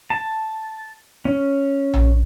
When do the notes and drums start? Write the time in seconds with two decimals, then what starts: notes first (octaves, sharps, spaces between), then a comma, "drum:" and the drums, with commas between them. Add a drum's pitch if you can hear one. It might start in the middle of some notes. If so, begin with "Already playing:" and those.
0.10 A5
1.25 C#4
1.94 drum: tom A#1